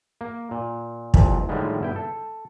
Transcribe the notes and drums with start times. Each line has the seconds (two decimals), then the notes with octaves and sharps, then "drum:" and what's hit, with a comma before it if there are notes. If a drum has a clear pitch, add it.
0.21 A#3
0.51 A#2
1.14 C2 F2 A#2, drum: kick
1.49 A2 D3 D#3 F3 G3 G#3
1.81 G1 E4 G5
1.96 A4